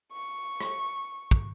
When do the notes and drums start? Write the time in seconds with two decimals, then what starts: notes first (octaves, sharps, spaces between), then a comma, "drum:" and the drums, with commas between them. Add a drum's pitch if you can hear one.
0.13 C#6
0.60 drum: rim click
1.31 drum: kick